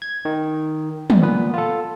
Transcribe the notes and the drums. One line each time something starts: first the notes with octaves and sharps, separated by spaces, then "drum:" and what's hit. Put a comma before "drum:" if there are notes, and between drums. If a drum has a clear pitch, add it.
G#6
D#3
drum: tom
A#2 B3 B4
F4 A4